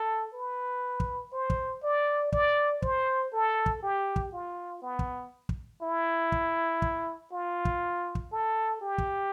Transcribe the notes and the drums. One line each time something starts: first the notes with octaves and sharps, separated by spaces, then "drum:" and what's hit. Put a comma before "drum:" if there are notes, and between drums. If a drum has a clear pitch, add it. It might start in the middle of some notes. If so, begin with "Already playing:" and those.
Already playing: A4
B4
drum: kick
C5
drum: kick
D5
D5, drum: kick
C5, drum: kick
A4
drum: kick
G4
drum: kick
F4
B3
drum: kick
drum: kick
E4
drum: kick
drum: kick
F4
drum: kick
drum: kick
A4
G4
drum: kick